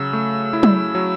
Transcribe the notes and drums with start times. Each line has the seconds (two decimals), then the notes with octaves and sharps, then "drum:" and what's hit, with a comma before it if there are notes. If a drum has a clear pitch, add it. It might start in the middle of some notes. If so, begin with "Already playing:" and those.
Already playing: C#3 F#3 E6
0.13 A3
0.53 E4
0.63 drum: tom F#3
0.95 F#3